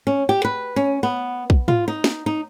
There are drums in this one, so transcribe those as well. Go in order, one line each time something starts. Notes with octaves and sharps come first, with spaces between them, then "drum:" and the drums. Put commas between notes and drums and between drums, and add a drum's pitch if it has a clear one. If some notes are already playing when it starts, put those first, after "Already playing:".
C#4
G4
B4
C#4
B3
drum: kick
F4, drum: tom
D#4
drum: snare
D#4